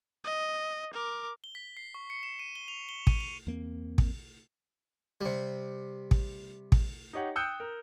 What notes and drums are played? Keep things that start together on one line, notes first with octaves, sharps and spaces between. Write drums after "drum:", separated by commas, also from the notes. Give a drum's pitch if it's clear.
D#5
A#4 D6
G7
B6
C7
C#6
C#7
E7
D#7
G7
F7
G7
D#7, drum: kick
F7
E2 A#3 C4
drum: kick
C3 G3
drum: kick
drum: kick
D#4 G4 C#5 F#5
G5 D#6 E6 F#6 G6 C#7
A#4